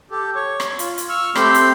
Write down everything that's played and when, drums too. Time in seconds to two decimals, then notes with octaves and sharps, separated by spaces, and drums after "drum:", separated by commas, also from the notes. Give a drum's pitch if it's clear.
0.11 G4 A4
0.35 C#5
0.60 drum: rim click
0.79 F4, drum: hi-hat
0.98 drum: hi-hat
1.09 C#6 E6 F6
1.35 A3 C4 G4 B5 C6 G6, drum: rim click
1.54 drum: hi-hat